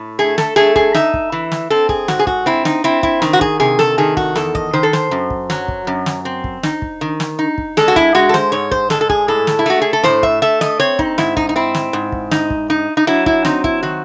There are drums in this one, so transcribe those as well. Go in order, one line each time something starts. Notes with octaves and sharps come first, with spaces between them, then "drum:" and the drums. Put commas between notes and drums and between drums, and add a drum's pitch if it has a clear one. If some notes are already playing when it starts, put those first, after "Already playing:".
Already playing: A2
A3 G#4
A4, drum: snare
A3 G#4
G#4, drum: kick
D#4 E5, drum: snare
drum: kick
E3
drum: snare
C4 A4
G#4, drum: kick
G#2 F#4, drum: snare
G#4
F#4, drum: kick
C4 E4
D#4, drum: snare
C4 E4
E4, drum: kick
D#3, drum: snare
F#4
G#4, drum: kick
C3 G#4
A4, drum: snare
D#3 G#4
F#4, drum: kick
E2 A4, drum: snare
D#5, drum: kick
D#3 C5
A4
C5, drum: snare
F#2
drum: kick
F#3, drum: snare
drum: kick
F#2
drum: snare
C4
drum: kick
D#4, drum: snare
drum: kick
D#3
drum: snare
D#4
drum: kick
G#3 A4, drum: snare
F#4
E4, drum: kick
G#3 F#4
A4
C5, drum: snare
G#2 C#5
C5, drum: kick
G#3 A4, drum: snare
A4
G#4, drum: kick
A2 A4
drum: snare
E4
A3 F#4
G#4
A4
A2 C5, drum: snare
E5, drum: kick
A3 E5
D#5, drum: snare
C4 C#5
D#4, drum: kick
G#2 E4, drum: snare
D#4, drum: kick
D#4
C4 E4
drum: snare
G#2
drum: kick
D#4, drum: snare
drum: kick
D#4
D#4
F#3 E4
E4, drum: kick
C4 D#4, drum: snare
E4, drum: kick
D#3 F#4